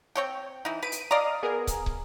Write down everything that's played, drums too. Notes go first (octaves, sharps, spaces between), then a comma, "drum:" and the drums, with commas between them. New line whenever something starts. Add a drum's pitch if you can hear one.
C4 C#5 G5
E3 D#4
B4 D7 D#7
drum: hi-hat
D5 D#5 F5 A#5 D#6
B3 G#4 A#4
drum: kick, hi-hat
drum: kick